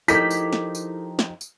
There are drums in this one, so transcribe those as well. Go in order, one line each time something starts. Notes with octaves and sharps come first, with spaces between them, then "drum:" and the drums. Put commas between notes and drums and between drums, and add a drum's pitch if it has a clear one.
F3 D#4 E4 G4 A4 A#4 B6, drum: tambourine
drum: tambourine
drum: snare
drum: tambourine
drum: snare
drum: tambourine